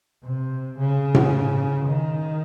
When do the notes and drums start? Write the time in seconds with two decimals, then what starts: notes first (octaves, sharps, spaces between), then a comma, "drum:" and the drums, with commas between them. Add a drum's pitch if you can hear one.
0.24 C3
0.78 C#3
1.14 drum: tom A2
1.87 D#3